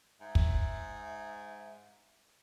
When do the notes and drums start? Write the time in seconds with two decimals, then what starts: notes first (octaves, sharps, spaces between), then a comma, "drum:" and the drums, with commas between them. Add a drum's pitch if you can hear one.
0.20 G#2 E5
0.35 drum: kick